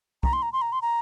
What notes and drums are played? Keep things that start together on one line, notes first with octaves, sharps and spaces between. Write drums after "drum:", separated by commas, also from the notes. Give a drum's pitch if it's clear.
A#5, drum: kick
C6
A#5
C6
A#5
C6
A#5